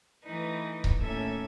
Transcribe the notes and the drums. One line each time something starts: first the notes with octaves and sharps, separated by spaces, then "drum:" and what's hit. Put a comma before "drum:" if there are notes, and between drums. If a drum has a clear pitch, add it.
E3 A3 D#4 B4
drum: kick C#1
D#2 A2 C#4 A4 E5 G#6